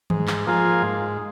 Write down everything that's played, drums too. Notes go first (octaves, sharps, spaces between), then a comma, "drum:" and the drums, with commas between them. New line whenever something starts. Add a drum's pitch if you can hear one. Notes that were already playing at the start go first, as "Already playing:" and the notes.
G#2, drum: tom D#3
drum: clap
F3 A#3 F4 G#4
G#2